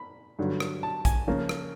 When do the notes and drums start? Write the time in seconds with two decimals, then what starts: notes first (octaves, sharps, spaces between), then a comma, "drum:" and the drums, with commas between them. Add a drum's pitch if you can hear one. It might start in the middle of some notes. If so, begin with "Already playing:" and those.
Already playing: B5
0.39 G2 D3 F#3
0.60 drum: rim click
0.83 A5
1.05 G#5, drum: kick A#1, hi-hat
1.27 C#3 F3 A#3
1.49 drum: rim click